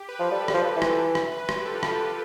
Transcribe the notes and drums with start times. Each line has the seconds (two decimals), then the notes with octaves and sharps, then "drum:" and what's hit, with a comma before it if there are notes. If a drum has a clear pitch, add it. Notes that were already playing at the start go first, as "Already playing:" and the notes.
Already playing: G4
0.09 B4
0.20 F3
0.31 G3 A4
0.48 G3 B4, drum: rim click
0.54 F3
0.65 A4
0.76 E3
0.82 F4, drum: rim click
0.98 G4
1.15 drum: rim click
1.32 B4
1.49 drum: rim click
1.60 G4
1.66 A4
1.75 F4
1.83 G4, drum: rim click
1.98 F4